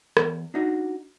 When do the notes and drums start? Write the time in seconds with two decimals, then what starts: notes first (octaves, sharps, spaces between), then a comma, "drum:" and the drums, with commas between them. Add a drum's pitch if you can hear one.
0.17 E2, drum: rim click
0.54 D4 D#4 F#4